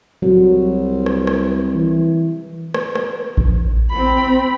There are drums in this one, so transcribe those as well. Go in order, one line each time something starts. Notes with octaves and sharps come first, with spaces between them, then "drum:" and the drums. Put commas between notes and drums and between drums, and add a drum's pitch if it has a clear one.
C2 F#3
drum: rim click
drum: rim click
E3
drum: rim click
drum: rim click
drum: kick A1
C4 B5